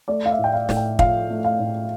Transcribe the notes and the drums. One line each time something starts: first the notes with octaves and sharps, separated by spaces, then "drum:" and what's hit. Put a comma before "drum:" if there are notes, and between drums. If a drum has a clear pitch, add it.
A3 D5
F5
E5
A2
G5
F5
A2, drum: snare
G5
F3 F5, drum: kick
A3
F5
A2